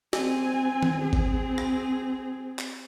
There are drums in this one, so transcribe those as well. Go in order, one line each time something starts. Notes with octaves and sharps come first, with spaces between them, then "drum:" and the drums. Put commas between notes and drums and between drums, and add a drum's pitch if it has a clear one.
C4 G#5, drum: snare
drum: tom D#3
C4 G#4
drum: kick G#1
drum: rim click
drum: clap